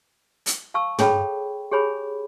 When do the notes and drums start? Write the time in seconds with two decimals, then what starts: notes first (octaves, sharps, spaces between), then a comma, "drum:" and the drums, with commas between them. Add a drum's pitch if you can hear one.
0.46 drum: hi-hat
0.74 F5 A5 C#6 E6
0.98 G#4 A4 C#5 G5 A5 B5, drum: tom
1.71 G4 G#4 C#5 G#5 B5